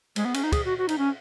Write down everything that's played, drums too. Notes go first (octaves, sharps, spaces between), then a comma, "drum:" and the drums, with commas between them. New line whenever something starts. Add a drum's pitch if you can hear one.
G#3, drum: cymbal
B3
C#4, drum: cymbal
D#4
G#4, drum: kick, cymbal
F#4
F#4
D#4, drum: cymbal
C#4